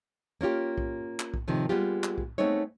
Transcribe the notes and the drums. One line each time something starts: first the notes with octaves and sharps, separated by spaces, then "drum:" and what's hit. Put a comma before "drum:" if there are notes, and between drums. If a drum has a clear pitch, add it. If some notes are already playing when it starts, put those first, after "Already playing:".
A#3 C#4 F4 G4
drum: kick B1
drum: clap
drum: kick B1
A2 C3 D#3 F3
G3 G#3 A#3 B3 F4 G4
drum: clap
drum: kick B1
G#3 A3 B3 C4 D#4 C#5